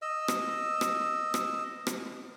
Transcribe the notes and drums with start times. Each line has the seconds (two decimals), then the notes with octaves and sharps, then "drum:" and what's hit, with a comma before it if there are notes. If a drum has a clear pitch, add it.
0.02 D#5 E6
0.28 drum: rim click
0.81 drum: rim click
1.34 drum: rim click
1.87 drum: rim click